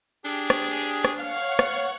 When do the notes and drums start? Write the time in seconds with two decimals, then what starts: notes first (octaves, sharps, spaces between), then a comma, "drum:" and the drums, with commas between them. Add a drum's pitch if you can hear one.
0.25 D4 G4 G#4
0.50 drum: rim click
1.05 drum: rim click
1.18 C#5 F5 F#5 C#6
1.59 drum: rim click